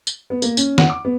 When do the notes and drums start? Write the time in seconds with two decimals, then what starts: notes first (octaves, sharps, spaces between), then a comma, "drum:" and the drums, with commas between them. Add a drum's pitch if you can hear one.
0.07 drum: tambourine
0.30 B3
0.42 A#3, drum: tambourine
0.57 C#4, drum: tambourine
0.78 F#5, drum: snare
0.90 D6
1.05 B3